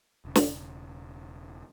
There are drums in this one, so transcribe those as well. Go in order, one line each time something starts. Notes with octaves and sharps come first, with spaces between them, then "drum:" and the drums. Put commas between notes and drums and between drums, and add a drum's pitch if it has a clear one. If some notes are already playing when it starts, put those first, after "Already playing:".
E1 C#3
drum: snare